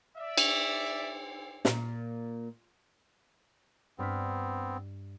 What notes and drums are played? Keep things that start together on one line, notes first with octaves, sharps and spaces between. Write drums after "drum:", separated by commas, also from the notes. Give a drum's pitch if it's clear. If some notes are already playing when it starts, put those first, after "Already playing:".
D5 E5
drum: cymbal
A#2, drum: snare
G2 B3 C4 F6 B6